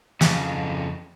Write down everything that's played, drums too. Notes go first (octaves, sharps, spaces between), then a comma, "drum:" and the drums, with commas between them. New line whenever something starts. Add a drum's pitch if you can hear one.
F2 C#3, drum: snare